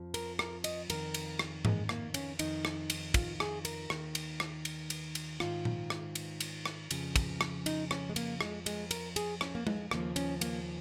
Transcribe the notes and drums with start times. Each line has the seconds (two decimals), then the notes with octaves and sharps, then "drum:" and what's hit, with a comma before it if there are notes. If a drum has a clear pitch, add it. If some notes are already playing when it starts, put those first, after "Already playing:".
Already playing: F2 F3
0.14 A#4, drum: cymbal
0.39 A#4, drum: rim click
0.64 D#5, drum: cymbal
0.90 F2 D#3 A#4, drum: cymbal
1.14 drum: cymbal
1.39 drum: rim click
1.65 G#3, drum: tom G#2
1.89 A#3, drum: rim click
2.14 C#4, drum: cymbal
2.39 F2 D#3 D#4, drum: cymbal
2.65 drum: rim click
2.90 drum: cymbal
3.14 F4, drum: kick, cymbal
3.40 G#4, drum: rim click
3.65 A#4, drum: cymbal
3.90 D#2 D#3, drum: rim click
4.15 drum: cymbal
4.40 drum: rim click
4.65 drum: cymbal
4.90 drum: cymbal
5.15 drum: cymbal
5.40 G#2 D#3 F4, drum: rim click
5.65 drum: tom A#2
5.90 drum: rim click
6.15 drum: cymbal
6.40 drum: cymbal
6.65 drum: rim click
6.91 F2 C#3 F3, drum: cymbal
7.16 drum: kick, cymbal
7.41 drum: rim click
7.66 D#4, drum: cymbal
7.91 C#4, drum: rim click
8.10 G#3
8.16 A#3, drum: cymbal
8.41 F2 F3 G#3, drum: rim click
8.66 G#3, drum: cymbal
8.91 A#4, drum: cymbal
9.16 G#4, drum: cymbal
9.41 C#4, drum: rim click
9.55 A#3
9.67 G#3, drum: tom G#3
9.91 D#2 C#3 F3 A#3, drum: rim click
10.16 C#4, drum: cymbal
10.41 A#3, drum: cymbal